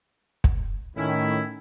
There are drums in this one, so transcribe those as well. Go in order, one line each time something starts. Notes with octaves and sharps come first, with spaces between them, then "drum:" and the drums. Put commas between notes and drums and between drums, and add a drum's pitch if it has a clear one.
drum: kick
A2 D#3 C#4 E4